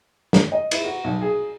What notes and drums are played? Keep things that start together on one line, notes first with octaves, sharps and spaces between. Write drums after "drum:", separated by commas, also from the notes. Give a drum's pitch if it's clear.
drum: snare
D#5
E4, drum: cymbal
F#4
B1
G#4